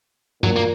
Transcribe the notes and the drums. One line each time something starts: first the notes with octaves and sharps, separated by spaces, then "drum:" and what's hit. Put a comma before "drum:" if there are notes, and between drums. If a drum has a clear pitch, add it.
A#2 F#3, drum: tom G2
A#3